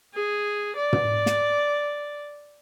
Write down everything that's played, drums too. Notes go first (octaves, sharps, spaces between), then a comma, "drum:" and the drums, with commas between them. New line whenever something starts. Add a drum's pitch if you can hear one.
G#4
D5
drum: tom
drum: snare